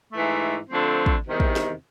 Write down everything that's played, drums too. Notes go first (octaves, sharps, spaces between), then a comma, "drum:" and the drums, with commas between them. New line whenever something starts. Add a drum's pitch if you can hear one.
G#2 E3 A3
D3 F3 A3 C4
drum: kick
E2 C3 D#3 G3
drum: kick
drum: snare